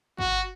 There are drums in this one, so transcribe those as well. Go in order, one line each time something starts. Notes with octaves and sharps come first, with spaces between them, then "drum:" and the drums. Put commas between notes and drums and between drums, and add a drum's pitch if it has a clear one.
F#4, drum: kick